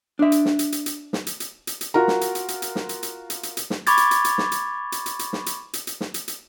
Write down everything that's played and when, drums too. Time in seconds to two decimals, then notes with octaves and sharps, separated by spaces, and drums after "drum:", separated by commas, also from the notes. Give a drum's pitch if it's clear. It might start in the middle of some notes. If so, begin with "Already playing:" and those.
0.19 D4 E5
0.32 drum: hi-hat
0.45 drum: snare
0.59 drum: hi-hat
0.72 drum: hi-hat
0.86 drum: hi-hat
1.13 drum: snare
1.27 drum: hi-hat
1.40 drum: hi-hat
1.67 drum: hi-hat
1.81 drum: hi-hat
1.94 F4 F#4 A#4 A#5
2.08 drum: snare
2.21 drum: hi-hat
2.35 drum: hi-hat
2.48 drum: hi-hat
2.62 drum: hi-hat
2.76 drum: snare
2.89 drum: hi-hat
3.03 drum: hi-hat
3.30 drum: hi-hat
3.43 drum: hi-hat
3.57 drum: hi-hat
3.70 drum: snare
3.87 B5 C#6 D6 G#6 A6, drum: hi-hat
3.97 drum: hi-hat
4.11 drum: hi-hat
4.25 drum: hi-hat
4.38 drum: snare
4.52 drum: hi-hat
4.92 drum: hi-hat
5.06 drum: hi-hat
5.19 drum: hi-hat
5.33 drum: snare
5.46 drum: hi-hat
5.73 drum: hi-hat
5.87 drum: hi-hat
6.01 drum: snare
6.14 drum: hi-hat
6.28 drum: hi-hat